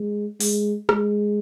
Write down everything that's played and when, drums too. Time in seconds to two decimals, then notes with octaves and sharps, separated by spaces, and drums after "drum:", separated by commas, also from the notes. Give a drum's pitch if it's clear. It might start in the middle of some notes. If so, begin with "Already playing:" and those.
Already playing: G#3
0.40 G#3, drum: open hi-hat
0.89 G#3, drum: rim click